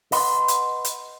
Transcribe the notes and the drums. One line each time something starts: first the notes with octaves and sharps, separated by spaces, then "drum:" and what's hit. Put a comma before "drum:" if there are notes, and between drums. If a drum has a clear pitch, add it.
B4 D#5 F#5 B5 C6, drum: open hi-hat
drum: hi-hat
drum: hi-hat